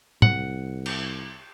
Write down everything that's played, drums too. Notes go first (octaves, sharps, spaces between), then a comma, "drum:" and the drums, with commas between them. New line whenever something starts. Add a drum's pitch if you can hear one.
C2 F#5, drum: tom A2
drum: cymbal